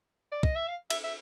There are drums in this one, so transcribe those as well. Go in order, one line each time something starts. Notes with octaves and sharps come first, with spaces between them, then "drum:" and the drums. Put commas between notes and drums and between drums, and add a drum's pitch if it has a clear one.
D5
D#5, drum: kick
E5
F5
E5, drum: cymbal
E5